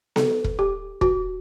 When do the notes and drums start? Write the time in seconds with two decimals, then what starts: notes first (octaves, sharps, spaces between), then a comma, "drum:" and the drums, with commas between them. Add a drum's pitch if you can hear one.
0.16 A4, drum: snare B3
0.44 drum: kick E1
0.59 G4
1.01 F#4, drum: kick E1